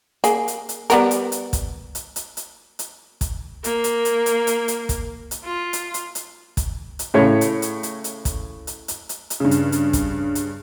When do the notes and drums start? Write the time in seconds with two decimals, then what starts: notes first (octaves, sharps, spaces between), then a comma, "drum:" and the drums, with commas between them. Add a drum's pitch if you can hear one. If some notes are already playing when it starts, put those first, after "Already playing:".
0.24 A#3 G#4, drum: hi-hat
0.48 drum: hi-hat
0.69 drum: hi-hat
0.90 G3 B3 A#4, drum: hi-hat
1.11 drum: hi-hat
1.32 drum: hi-hat
1.53 drum: kick, hi-hat
1.95 drum: hi-hat
2.16 drum: hi-hat
2.37 drum: hi-hat
2.79 drum: hi-hat
3.21 drum: kick, hi-hat
3.64 A#3, drum: hi-hat
3.84 drum: hi-hat
4.05 drum: hi-hat
4.26 drum: hi-hat
4.47 drum: hi-hat
4.68 drum: hi-hat
4.89 drum: kick, hi-hat
5.31 drum: hi-hat
5.44 F4
5.73 drum: hi-hat
5.94 drum: hi-hat
6.15 drum: hi-hat
6.57 drum: kick, hi-hat
6.99 drum: hi-hat
7.14 A2 C#3 C#5
7.41 drum: hi-hat
7.62 drum: hi-hat
7.83 drum: hi-hat
8.04 drum: hi-hat
8.25 drum: kick, hi-hat
8.67 drum: hi-hat
8.88 drum: hi-hat
9.09 drum: hi-hat
9.30 drum: hi-hat
9.40 G2 C#3
9.51 drum: hi-hat
9.72 drum: hi-hat
9.93 drum: kick, hi-hat
10.35 drum: hi-hat